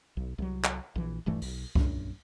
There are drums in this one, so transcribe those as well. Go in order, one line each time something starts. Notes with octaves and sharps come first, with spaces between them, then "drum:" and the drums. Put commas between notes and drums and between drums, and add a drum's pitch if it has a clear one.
B1
C2 F#3
drum: clap
A#1 E3
D#1 G2 E3 A3
B1, drum: open hi-hat
A#1 F#2 D#3 D4, drum: kick C2